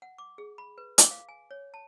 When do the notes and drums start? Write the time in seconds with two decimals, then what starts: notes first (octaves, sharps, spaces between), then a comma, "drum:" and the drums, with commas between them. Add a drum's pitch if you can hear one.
0.02 F#5
0.18 D6
0.38 G#4
0.58 B5
0.78 B4
0.98 D6, drum: hi-hat
1.11 F5
1.29 G#5
1.51 C#5
1.74 A5